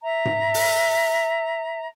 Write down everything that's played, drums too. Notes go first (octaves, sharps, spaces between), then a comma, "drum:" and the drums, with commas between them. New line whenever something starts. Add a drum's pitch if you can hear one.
E5 A#5
drum: tom G#2
drum: open hi-hat